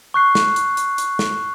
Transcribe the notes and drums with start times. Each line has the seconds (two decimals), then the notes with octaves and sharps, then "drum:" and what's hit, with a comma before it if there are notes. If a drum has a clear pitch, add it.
0.14 C#6 F#6 C7
0.35 drum: snare
0.56 drum: hi-hat
0.77 drum: hi-hat
0.98 drum: hi-hat
1.19 drum: snare